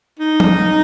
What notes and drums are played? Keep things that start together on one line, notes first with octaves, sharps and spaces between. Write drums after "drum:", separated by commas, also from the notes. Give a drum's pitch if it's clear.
D#4
drum: tom F3